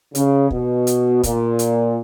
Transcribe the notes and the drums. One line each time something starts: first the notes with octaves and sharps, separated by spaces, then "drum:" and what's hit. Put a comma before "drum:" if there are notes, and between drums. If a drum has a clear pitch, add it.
C#3, drum: hi-hat
B2, drum: kick
drum: hi-hat
A#2, drum: kick, hi-hat
drum: hi-hat